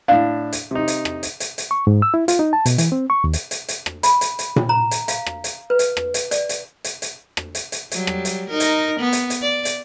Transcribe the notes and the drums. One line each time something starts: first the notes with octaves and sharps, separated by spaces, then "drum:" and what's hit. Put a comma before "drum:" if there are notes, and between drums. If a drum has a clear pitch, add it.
A2 D4 F5
drum: hi-hat
C3 D#4
drum: hi-hat
drum: rim click
drum: hi-hat
drum: hi-hat
drum: hi-hat
C#6
G#2
E6
E4
F4, drum: hi-hat
D#4
A5
B2, drum: hi-hat
E3, drum: hi-hat
C4
C#6
D#2
drum: hi-hat
drum: hi-hat
drum: hi-hat
drum: rim click
B5, drum: hi-hat
drum: hi-hat
drum: hi-hat
drum: tom A#2
A#5
drum: hi-hat
F5, drum: hi-hat
drum: rim click
drum: hi-hat
B4
drum: hi-hat
drum: rim click
drum: hi-hat
D5, drum: hi-hat
drum: hi-hat
drum: hi-hat
drum: hi-hat
drum: rim click
drum: hi-hat
drum: hi-hat
F#3 G3, drum: hi-hat
drum: rim click
drum: hi-hat
D#4 A#4
drum: hi-hat
B3
drum: hi-hat
drum: hi-hat
D5
drum: hi-hat